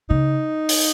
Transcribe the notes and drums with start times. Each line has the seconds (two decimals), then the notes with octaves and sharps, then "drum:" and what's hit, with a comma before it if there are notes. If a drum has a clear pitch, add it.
0.10 C#3 D#4
0.69 drum: open hi-hat